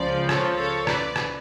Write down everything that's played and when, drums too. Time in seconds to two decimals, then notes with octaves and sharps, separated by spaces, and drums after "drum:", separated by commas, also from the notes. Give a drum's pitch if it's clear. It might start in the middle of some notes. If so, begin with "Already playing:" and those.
Already playing: C#2 C#3 F3 D5
0.29 A4 C#5, drum: rim click
0.57 A4 C#5
0.87 B4 D5, drum: rim click
1.16 drum: rim click